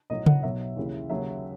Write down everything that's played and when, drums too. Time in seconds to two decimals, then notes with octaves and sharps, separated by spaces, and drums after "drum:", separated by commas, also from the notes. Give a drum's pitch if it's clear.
0.10 B1 A2 F#3 D#5
0.26 F#5, drum: tom C#3
0.43 B1 B2 F#3 E5
0.76 D#2 C#3 E3
1.10 D#2 C#3 F#3 E5